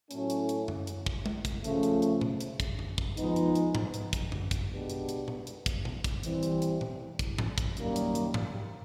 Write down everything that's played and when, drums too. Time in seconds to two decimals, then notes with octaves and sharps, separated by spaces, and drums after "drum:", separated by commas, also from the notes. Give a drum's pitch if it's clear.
0.11 A2 F#3 A3 C#4, drum: hi-hat
0.30 drum: hi-hat
0.49 drum: hi-hat
0.68 drum: tom F#2
0.87 drum: hi-hat
1.06 drum: kick
1.26 drum: tom G#3
1.45 drum: kick, hi-hat
1.64 C#3 F3 A3, drum: hi-hat
1.83 drum: hi-hat
2.02 drum: hi-hat
2.21 drum: tom A#2
2.41 drum: hi-hat
2.60 drum: kick, hi-hat
2.79 drum: tom F#2
2.98 drum: kick
3.17 F3 G#3 B3 D#4, drum: hi-hat
3.36 drum: hi-hat
3.55 drum: hi-hat
3.75 drum: tom G#2
3.94 drum: hi-hat
4.13 drum: kick, hi-hat
4.32 drum: tom F#2
4.51 drum: kick, hi-hat
4.71 B2 G#3 B3 D4 G4
4.90 drum: hi-hat
5.09 drum: hi-hat
5.28 drum: tom A#2
5.47 drum: hi-hat
5.66 drum: kick, hi-hat
5.85 drum: tom A#2
6.04 drum: kick, hi-hat
6.23 E3 G3 C4, drum: hi-hat
6.43 drum: hi-hat
6.62 drum: hi-hat
6.81 drum: tom A#2
7.19 drum: kick, hi-hat
7.38 drum: tom G#2
7.58 drum: kick, hi-hat
7.77 F#2 D#3 G3 A#3, drum: hi-hat
7.96 drum: hi-hat
8.15 drum: hi-hat
8.34 drum: tom G#2